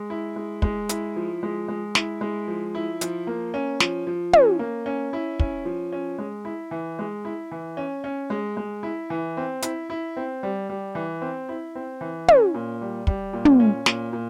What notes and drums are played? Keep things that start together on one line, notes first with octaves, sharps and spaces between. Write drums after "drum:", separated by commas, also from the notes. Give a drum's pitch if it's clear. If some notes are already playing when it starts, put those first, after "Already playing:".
Already playing: G#3
E4
G#3
G#3, drum: kick
E4, drum: hi-hat
F3
G#3
G#3
E4, drum: snare
G#3
F3
E4
F3, drum: hi-hat
A#3
C#4
F3, drum: snare
F3
C#4, drum: tom
A#3
C#4
E4
C#4, drum: kick
F3
C#4
G#3
E4
E3
G#3
E4
E3
C#4
C#4
G#3
G#3
E4
E3
C4
E4, drum: hi-hat
E4
C4
G3
G3
E3
C4
E4
C4
E3
C#4, drum: tom
A#2
G3
G3, drum: kick
A#2
drum: tom
C#4
A#2, drum: snare
A#2